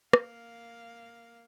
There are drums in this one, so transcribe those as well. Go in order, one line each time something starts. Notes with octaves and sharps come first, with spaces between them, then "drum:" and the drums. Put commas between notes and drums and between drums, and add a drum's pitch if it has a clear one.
A#3 F5, drum: rim click